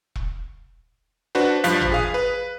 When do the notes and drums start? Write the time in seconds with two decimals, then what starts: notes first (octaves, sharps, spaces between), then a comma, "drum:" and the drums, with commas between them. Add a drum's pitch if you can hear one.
0.15 drum: kick E1
1.35 D4 F#4 B4 C5
1.64 G2 F3 F5 F#6 B6, drum: hi-hat
1.81 drum: tom G#1
1.92 G#4 F5 D#6
2.14 B4